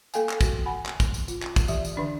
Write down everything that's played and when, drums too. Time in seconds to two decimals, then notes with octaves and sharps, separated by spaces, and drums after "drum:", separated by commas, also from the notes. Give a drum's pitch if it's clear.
0.14 A#3 A4 F5 G5 G#5, drum: tambourine
0.29 drum: clap
0.41 F#4, drum: kick, tambourine
0.66 F#5 G#5 B5
0.86 drum: clap
1.00 drum: kick, tambourine
1.14 drum: tambourine
1.28 F4, drum: tambourine
1.42 drum: clap
1.56 drum: kick, tambourine
1.68 E3 G4 E5, drum: tambourine
1.85 drum: tambourine
1.96 D3 D4 D5